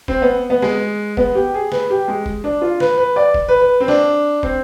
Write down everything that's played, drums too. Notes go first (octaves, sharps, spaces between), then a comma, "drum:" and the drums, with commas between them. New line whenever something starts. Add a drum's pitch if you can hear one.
C4, drum: kick
B3
B3
G#3, drum: snare
B3, drum: kick
G4
G#4
B4, drum: snare
G4
G#3
drum: kick
D4
F4
B4, drum: snare
B4
D5
drum: kick
B4
B4
C4
D4, drum: snare
C4, drum: kick